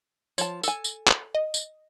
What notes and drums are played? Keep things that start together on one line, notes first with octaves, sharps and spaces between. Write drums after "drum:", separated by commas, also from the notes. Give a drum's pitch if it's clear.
F3 C#5 A5, drum: tambourine
A4 G#5, drum: tambourine
drum: tambourine
drum: clap
D#5
drum: tambourine